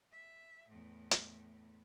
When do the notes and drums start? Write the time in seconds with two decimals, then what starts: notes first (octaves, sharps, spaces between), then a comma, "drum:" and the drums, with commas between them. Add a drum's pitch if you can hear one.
0.12 E5
0.68 E2 A2
1.11 drum: hi-hat